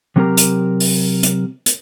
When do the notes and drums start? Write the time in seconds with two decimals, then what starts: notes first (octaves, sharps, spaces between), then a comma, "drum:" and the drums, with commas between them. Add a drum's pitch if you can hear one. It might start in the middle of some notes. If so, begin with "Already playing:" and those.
0.16 C3 F#3 C4 G4 A#4 A#5
0.37 drum: hi-hat
0.80 drum: open hi-hat
1.23 drum: hi-hat
1.66 drum: hi-hat